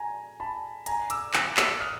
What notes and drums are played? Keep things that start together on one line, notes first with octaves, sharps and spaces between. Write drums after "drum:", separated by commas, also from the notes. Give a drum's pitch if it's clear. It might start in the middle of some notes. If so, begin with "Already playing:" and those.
Already playing: G#5 A#5
A5 B5
G#5 A#5, drum: hi-hat
D6 E6, drum: hi-hat
E6 F#6, drum: clap
E6 F#6, drum: clap
D#6 F6